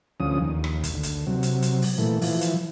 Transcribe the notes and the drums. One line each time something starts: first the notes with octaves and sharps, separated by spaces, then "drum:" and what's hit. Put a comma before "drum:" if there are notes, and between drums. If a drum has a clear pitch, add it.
D2 F3 C#4 D#6
D#2
drum: rim click
drum: kick, hi-hat
D2
drum: hi-hat
C3 F#3
drum: hi-hat
drum: hi-hat
drum: open hi-hat
A#2 E3 A3
E3 F3, drum: open hi-hat
drum: hi-hat